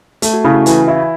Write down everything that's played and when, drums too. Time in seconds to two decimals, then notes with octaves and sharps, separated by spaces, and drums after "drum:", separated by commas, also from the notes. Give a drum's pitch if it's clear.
0.22 A3, drum: hi-hat
0.33 F#4
0.44 C#3 E4
0.55 F#4
0.66 E3 F#4, drum: hi-hat
0.88 E4